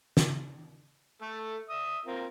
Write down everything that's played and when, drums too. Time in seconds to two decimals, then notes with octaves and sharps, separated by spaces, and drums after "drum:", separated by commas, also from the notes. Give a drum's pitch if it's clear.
0.17 drum: snare
1.22 A3 A4
1.70 E5 D#6 E6
2.06 C4 F4 A#4